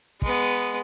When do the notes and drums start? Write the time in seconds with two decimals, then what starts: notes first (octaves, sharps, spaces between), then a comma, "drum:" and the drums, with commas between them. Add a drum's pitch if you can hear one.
0.22 G#3 B3, drum: kick